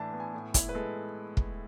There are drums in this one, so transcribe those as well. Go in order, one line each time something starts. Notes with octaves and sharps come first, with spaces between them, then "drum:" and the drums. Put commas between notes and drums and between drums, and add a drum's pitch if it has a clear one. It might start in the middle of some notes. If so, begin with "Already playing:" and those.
Already playing: A2 E3 D4 A5
B3
G#5
A2
E4, drum: kick, hi-hat
B4
G#3 A4
drum: kick